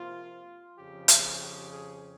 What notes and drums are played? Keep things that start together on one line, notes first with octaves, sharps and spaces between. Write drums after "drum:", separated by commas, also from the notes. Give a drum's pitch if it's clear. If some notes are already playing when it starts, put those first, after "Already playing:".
Already playing: C3 F3 A#3 F4
F2 C#3 F3 G4
G#4, drum: hi-hat
G4
G#4